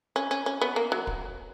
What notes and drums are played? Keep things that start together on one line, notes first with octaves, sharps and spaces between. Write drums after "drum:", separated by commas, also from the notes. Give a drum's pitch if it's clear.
C#4
C#4
C#4
B3
A#3
F#3
drum: kick